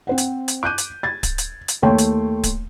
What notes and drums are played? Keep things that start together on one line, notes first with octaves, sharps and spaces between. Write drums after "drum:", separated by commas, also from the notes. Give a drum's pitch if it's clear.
C4 C5 F#5
drum: hi-hat
drum: hi-hat
D6 F#6 G6 D#7
drum: hi-hat
G#6 A6
drum: kick D1, hi-hat
drum: hi-hat
drum: hi-hat
D#2 A3 C#5 G5 C6
drum: hi-hat
drum: kick D1, hi-hat